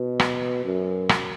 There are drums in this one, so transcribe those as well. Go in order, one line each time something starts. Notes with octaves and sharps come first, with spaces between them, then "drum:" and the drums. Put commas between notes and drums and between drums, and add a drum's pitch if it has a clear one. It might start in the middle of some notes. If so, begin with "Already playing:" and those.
Already playing: B2
drum: rim click
F#2
drum: rim click